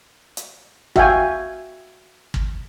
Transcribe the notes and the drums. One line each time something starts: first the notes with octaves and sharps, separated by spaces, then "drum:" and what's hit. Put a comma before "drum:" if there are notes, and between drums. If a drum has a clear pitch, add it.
drum: hi-hat
F#4 E5 F5 G5 G#5, drum: kick
drum: kick